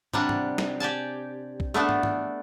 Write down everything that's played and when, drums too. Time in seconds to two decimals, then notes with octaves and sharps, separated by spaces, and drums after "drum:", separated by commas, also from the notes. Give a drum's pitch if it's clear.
0.13 C3 G3 D4 F#5, drum: tom
0.29 drum: tom
0.58 drum: snare
0.80 G4 D5 G#5 A5
1.60 drum: kick B1
1.74 A3 B3 D4 A4
1.89 drum: tom
2.03 drum: tom